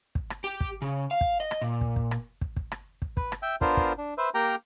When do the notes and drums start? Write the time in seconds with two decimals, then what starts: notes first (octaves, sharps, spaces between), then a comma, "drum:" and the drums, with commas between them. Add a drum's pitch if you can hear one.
0.15 drum: kick
0.30 drum: rim click
0.44 G4
0.60 drum: kick
0.82 C#3
1.11 F5
1.21 drum: kick
1.40 D#5
1.51 drum: rim click
1.61 A#2
1.81 drum: kick
1.96 drum: kick
2.11 drum: rim click
2.41 drum: kick
2.56 drum: kick
2.72 drum: rim click
3.02 drum: kick
3.17 B4, drum: kick
3.32 drum: rim click
3.42 E5 G5
3.61 B3 D4 F4 A#4 C5, drum: kick
3.77 drum: kick
3.98 D4
4.18 B4 C5 E5
4.34 A#3 G4 A#4 G5 A#5